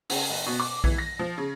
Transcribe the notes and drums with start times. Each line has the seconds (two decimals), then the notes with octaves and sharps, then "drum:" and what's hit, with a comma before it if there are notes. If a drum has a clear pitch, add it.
0.10 C#3, drum: open hi-hat
0.30 F#1
0.46 B2
0.60 D6
0.84 E3, drum: kick B1
0.98 A#6
1.19 F3
1.38 C#3